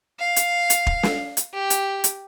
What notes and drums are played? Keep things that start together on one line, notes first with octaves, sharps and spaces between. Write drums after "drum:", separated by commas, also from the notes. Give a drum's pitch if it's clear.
F5
drum: hi-hat
drum: hi-hat
drum: kick
drum: snare
drum: hi-hat
G4
drum: hi-hat
drum: hi-hat